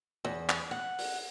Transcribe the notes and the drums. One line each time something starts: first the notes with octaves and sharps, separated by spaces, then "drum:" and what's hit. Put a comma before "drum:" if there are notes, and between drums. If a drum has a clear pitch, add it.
E2
drum: clap
F#5
drum: open hi-hat